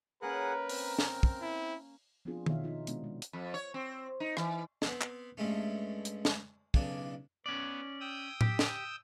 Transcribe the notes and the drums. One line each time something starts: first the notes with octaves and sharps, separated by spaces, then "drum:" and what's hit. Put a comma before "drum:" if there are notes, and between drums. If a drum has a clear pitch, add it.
A#3 C#4 G#4 A#4 B4 F#5 F#6
C4, drum: open hi-hat
drum: snare
drum: kick
E4
F3 B3 C4 D4 F4 G#4
B2 D#3 D#4 C#5 E5 F5, drum: tom D#3
D#4 F4
C3 G#3 B3 D4, drum: hi-hat
G#3
drum: hi-hat
F2
C#5
C4
D#4
E3, drum: rim click
B3 C4, drum: snare
drum: clap
G2 G#3 A3 C#4
drum: hi-hat
drum: snare
B1 C#3 D4 G#5, drum: kick
B3 C#4 D5
G5 D#6 E6
G4, drum: tom A2
drum: snare